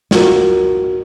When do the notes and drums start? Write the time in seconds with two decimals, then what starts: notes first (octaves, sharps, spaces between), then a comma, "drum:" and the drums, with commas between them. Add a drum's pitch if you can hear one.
0.11 F4 F#4 A#4, drum: snare